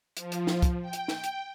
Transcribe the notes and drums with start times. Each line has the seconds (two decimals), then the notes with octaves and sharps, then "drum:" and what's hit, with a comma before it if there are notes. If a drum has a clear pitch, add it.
0.17 F3, drum: hi-hat
0.32 drum: hi-hat
0.47 drum: snare
0.62 drum: kick, hi-hat
0.82 G5
0.93 drum: hi-hat
1.08 drum: snare
1.24 drum: hi-hat